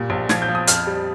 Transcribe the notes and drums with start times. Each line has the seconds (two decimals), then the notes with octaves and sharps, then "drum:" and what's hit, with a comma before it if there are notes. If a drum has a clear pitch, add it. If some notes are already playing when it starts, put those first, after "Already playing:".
Already playing: A#2 G3
0.10 A#1
0.29 F3 G#6, drum: snare
0.42 G6
0.48 F3
0.55 D#6
0.67 F2 F6, drum: hi-hat
0.87 G3